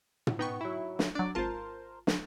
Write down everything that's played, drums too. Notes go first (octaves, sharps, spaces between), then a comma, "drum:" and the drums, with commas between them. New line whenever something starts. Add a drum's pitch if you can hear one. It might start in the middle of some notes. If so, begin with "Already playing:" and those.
drum: tom
B3 D#4 G5 C#6
F#3 E4
drum: snare
F#3 D4 D5
G#1 F4 A#4 C5 A5
drum: snare